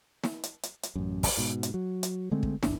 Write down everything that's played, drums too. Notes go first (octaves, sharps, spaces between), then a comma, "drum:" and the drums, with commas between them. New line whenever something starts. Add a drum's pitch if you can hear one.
drum: snare
drum: hi-hat
drum: hi-hat
drum: hi-hat
A1 F#2
drum: kick, open hi-hat
G#2 B2
drum: hi-hat
F#3
drum: hi-hat
D3 G#3 A3 C4
drum: kick
D1 G1 E2 D4, drum: snare